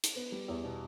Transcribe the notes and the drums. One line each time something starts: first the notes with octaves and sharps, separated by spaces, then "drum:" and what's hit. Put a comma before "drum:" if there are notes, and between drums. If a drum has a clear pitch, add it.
drum: hi-hat
B3
G3
E2
B2